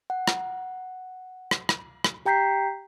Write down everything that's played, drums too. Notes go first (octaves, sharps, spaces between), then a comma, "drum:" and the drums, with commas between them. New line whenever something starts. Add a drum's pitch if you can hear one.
F#5
drum: rim click
drum: rim click
drum: rim click
drum: rim click
G4 G5 A#5 G6 B6 C7